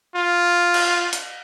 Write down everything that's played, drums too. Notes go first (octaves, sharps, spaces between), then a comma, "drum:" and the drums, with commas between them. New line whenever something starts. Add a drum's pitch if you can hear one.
F4
drum: cymbal
drum: hi-hat